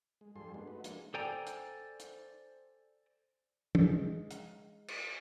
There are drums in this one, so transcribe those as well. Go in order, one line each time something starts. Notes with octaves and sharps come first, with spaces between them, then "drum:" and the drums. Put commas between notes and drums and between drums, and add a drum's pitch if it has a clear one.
G#3
G2 F3 G3 G#4 A4 C6
G#3 A#3 B3 D4 D#4 F#4
A3 D#4 F#4 B4
F3 G#3 A#3 D4, drum: hi-hat
A4 C5 D5 G5 G#5 A#5
drum: hi-hat
drum: hi-hat
G#3, drum: tom
drum: hi-hat
drum: cymbal